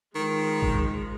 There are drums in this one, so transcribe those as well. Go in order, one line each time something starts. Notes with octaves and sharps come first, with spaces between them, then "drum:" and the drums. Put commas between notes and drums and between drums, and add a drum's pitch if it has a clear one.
D#3 F3 G#3
drum: kick A1